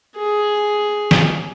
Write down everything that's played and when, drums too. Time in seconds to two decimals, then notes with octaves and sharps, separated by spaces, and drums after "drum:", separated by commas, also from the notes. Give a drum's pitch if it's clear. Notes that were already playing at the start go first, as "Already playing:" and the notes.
0.16 G#4
1.11 drum: snare